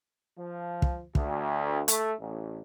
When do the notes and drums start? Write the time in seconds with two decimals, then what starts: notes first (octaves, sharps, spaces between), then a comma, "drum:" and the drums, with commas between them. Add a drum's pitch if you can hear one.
0.38 F3
0.82 drum: kick
1.15 D2, drum: kick
1.88 A3, drum: hi-hat
2.20 A1